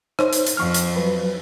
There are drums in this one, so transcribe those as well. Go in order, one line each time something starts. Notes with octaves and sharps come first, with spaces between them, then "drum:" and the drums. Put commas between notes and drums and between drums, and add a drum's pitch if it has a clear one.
D#4 C5 C#5, drum: rim click
drum: hi-hat
drum: hi-hat
F2 C#6 F6
drum: hi-hat
F#3 B4